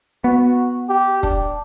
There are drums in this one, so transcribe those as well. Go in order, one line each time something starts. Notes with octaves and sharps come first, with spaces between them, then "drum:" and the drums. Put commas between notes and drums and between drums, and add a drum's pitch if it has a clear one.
B3 F#4
G4
D4, drum: kick